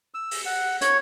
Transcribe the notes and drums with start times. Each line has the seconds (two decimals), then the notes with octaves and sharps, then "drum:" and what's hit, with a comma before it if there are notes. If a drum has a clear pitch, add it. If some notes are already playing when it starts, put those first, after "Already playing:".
0.14 E6
0.31 drum: open hi-hat
0.46 F#5
0.81 C#5, drum: hi-hat